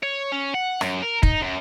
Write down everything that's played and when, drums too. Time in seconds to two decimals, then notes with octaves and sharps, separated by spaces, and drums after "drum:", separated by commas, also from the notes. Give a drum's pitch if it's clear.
0.03 C#5
0.32 C#4
0.55 F#5
0.81 F#2, drum: rim click
1.02 A#4
1.23 D#4, drum: kick
1.42 F#2